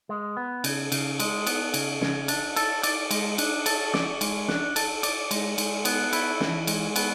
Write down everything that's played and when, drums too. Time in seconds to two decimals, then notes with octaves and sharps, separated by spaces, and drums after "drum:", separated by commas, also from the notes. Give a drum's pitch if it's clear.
0.09 G#3
0.37 B3
0.64 C#3, drum: cymbal
0.92 C#3, drum: cymbal
1.20 G#3, drum: cymbal
1.47 B3, drum: cymbal
1.74 C#3, drum: cymbal
2.01 C#3, drum: snare
2.28 D4, drum: cymbal
2.56 A4, drum: cymbal
2.83 D5, drum: cymbal
3.11 G#3, drum: cymbal
3.38 D4, drum: cymbal
3.66 A4, drum: cymbal
3.94 D5, drum: snare
4.21 G#3, drum: cymbal
4.48 D4, drum: snare
4.76 A4, drum: cymbal
5.03 D5, drum: cymbal
5.31 G#3, drum: cymbal
5.58 G#3, drum: cymbal
5.85 B3, drum: cymbal
6.13 E4, drum: cymbal
6.41 E3, drum: snare
6.67 G#3, drum: cymbal
6.96 B3, drum: cymbal